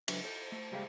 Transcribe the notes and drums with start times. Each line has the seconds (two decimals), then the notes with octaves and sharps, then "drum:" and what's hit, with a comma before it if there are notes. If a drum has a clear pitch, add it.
0.08 C#2 F#3 D4 B4 E5, drum: cymbal
0.24 A4 C5
0.52 A3
0.72 C#2 G3 G#3 G4 E5 F5